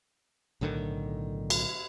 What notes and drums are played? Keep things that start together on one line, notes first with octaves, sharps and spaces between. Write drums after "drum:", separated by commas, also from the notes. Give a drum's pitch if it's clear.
B1 A2 D3 D#3
drum: cymbal